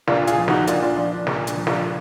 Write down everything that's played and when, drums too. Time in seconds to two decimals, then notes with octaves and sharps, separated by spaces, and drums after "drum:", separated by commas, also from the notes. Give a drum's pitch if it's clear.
0.07 A#2 D4 F4, drum: snare
0.27 F4 G#4, drum: hi-hat
0.38 F3
0.48 D#4 F#4, drum: snare
0.67 A#2 D4 F4, drum: hi-hat
0.83 D4 F4
0.97 F3 D4
1.12 D4
1.27 A#2, drum: snare
1.47 D4, drum: hi-hat
1.56 F3
1.67 D4 F4, drum: snare